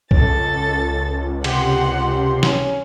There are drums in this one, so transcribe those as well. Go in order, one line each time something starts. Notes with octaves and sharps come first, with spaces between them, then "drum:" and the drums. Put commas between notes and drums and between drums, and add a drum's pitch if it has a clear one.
C#2 A4 A6, drum: kick C2
C3 G4 F#5 C6, drum: cymbal
C#4, drum: snare